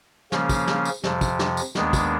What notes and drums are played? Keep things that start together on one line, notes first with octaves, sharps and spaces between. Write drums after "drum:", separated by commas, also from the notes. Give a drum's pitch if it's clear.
C#3 F3 A#3 C#4, drum: snare
drum: kick, tambourine
drum: snare
drum: tambourine
F2 C3 F3, drum: snare
drum: kick, tambourine
drum: snare
drum: tambourine
D#2 D#3 G#3 B3 D4, drum: snare
drum: kick, tambourine